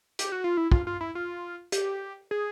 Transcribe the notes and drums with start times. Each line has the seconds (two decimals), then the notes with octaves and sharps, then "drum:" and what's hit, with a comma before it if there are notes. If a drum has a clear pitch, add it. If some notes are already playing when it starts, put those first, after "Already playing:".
0.19 G4, drum: hi-hat
0.32 F#4
0.44 F4
0.57 E4
0.72 F4, drum: kick
0.87 F4
1.01 E4
1.15 F4
1.72 G4, drum: hi-hat
2.31 G#4